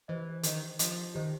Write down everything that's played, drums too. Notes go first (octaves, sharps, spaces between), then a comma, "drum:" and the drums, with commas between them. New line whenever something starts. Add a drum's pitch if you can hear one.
E3 G4 C5 D#5
D#3 G4 C5 D#5, drum: hi-hat
F3 G4 C5 D#5, drum: hi-hat
D#3 G4 C5 D#5